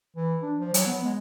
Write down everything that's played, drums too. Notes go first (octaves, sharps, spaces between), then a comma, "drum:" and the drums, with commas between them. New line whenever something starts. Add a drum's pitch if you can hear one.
E3
D4
F3
F#3, drum: hi-hat
B3
G#3